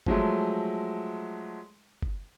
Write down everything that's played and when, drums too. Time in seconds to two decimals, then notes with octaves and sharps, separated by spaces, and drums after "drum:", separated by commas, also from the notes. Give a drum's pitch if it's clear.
0.06 F3 F#3 G#3 A3, drum: kick
2.02 drum: kick